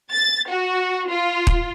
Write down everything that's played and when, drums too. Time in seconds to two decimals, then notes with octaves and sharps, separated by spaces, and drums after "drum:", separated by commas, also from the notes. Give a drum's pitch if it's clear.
0.13 A6
0.50 F#4
1.09 F4
1.47 drum: kick D#1